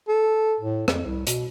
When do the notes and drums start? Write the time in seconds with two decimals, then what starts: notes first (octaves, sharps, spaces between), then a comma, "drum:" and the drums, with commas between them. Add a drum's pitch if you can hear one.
0.08 A4
0.60 A2
0.88 F2, drum: rim click
1.05 C2
1.27 B2, drum: hi-hat